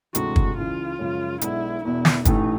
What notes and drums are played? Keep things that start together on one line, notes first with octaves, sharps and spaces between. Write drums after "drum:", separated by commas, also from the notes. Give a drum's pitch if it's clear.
D2 C3 E3 G#3 F#4, drum: hi-hat
drum: kick
C#2 C#3 E3 F4
F#2 C#3 F3 G#3 C#4
B1 B2 G#3 B3 D4 E4, drum: hi-hat
E1 E2 B2 E4
drum: snare
A1 A2 E3 A3 D#4, drum: kick, hi-hat